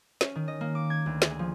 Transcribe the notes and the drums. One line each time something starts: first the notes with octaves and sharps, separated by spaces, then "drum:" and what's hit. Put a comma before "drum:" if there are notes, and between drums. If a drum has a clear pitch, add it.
C#4, drum: snare
D#3
D#5
A#3
D6
G#6
D2
G#4, drum: snare
F3